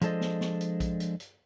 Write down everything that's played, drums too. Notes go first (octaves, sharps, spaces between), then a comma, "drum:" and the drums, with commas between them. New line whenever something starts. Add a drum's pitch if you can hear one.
F3 G#3 D4 A4 C5 D#5, drum: hi-hat
drum: snare
drum: snare
drum: hi-hat
drum: kick, hi-hat
drum: hi-hat
drum: hi-hat